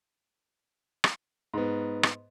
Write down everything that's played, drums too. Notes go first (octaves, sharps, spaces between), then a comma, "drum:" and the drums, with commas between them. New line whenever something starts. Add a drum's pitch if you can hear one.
drum: rim click
G#2 B3
drum: rim click